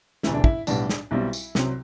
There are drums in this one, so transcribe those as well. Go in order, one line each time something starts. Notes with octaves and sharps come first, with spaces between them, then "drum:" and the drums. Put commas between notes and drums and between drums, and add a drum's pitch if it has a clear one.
E1 D2 C3 E3 A3 E4, drum: snare
D4
E4, drum: kick
B1 A2 G3 B3 D4, drum: tambourine
drum: snare
B1 B2 G3 C4 E4
drum: tambourine
C2 C3 F#3 C4, drum: snare